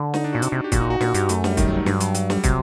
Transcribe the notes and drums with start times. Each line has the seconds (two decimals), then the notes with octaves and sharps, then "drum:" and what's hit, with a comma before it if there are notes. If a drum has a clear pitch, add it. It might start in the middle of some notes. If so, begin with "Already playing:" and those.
Already playing: D3
0.14 D#4, drum: snare
0.24 D4
0.33 A#2 F#4
0.42 C3, drum: hi-hat
0.52 C3
0.64 G4
0.72 A#2 F#4, drum: kick, hi-hat
0.81 D#4
0.90 F#4
1.01 A#2 F#4, drum: snare
1.14 G2 G4, drum: hi-hat
1.29 F#2 A3, drum: hi-hat
1.44 G3, drum: snare
1.57 D#3, drum: kick, hi-hat
1.68 F#3
1.77 D#3
1.86 G2 F#3, drum: snare
2.00 F#3, drum: hi-hat
2.15 F#3, drum: hi-hat
2.30 G3, drum: snare
2.44 C3 F#3, drum: kick, hi-hat